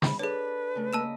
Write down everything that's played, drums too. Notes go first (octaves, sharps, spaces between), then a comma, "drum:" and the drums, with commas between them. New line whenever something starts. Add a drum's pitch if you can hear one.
B5, drum: snare
D4 G#4 A4 B4 C#5
C#3 A3
A#3 D#5 A5 B5 E6 E7